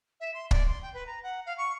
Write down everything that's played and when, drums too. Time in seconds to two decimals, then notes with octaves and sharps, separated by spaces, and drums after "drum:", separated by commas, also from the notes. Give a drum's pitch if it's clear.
0.20 E5
0.34 C6
0.51 D5, drum: kick
0.67 C6
0.82 G5
0.94 B4
1.06 A#5
1.23 F#5
1.45 F5
1.57 C#6